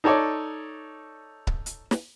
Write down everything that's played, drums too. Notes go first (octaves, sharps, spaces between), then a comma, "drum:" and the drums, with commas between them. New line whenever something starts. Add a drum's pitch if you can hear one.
D#4 A4 C#5 D5
drum: kick C#1
drum: hi-hat
drum: snare